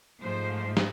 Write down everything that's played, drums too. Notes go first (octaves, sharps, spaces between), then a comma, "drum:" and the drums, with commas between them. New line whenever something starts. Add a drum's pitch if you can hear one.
G#2 F3 A3 C5
drum: snare